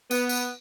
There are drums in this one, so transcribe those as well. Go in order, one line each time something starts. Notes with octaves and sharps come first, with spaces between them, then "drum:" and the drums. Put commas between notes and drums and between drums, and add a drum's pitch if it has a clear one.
B3, drum: tambourine
drum: tambourine